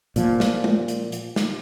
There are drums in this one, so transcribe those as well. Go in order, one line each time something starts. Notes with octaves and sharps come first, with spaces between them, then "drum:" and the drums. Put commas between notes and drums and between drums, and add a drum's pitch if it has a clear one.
A#2 F3, drum: hi-hat
drum: snare
drum: tom
drum: hi-hat
drum: hi-hat
drum: snare